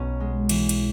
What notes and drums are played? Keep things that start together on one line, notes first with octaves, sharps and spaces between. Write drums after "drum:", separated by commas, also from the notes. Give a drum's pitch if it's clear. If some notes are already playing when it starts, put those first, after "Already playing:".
Already playing: B1 B2 C#4 F#4 A#4
G#3
E3, drum: cymbal
drum: cymbal